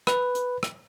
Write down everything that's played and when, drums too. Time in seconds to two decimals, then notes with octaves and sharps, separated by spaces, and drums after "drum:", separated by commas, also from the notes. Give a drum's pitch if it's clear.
0.07 B4, drum: rim click
0.35 drum: hi-hat
0.63 drum: rim click